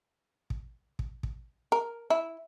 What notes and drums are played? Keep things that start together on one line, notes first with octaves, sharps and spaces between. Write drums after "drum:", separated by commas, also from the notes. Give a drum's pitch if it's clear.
drum: kick
drum: kick
drum: kick
A#4
E4